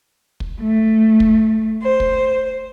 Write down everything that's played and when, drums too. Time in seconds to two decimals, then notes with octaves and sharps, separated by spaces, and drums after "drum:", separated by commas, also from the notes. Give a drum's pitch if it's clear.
0.40 drum: kick
0.60 A3
1.20 drum: kick
1.83 C5
2.00 drum: kick